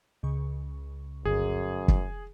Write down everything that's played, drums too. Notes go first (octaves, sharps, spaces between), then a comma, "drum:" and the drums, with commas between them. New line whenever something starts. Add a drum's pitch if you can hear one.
C#2 C#3 C#6
G1 F#2 G#4
drum: kick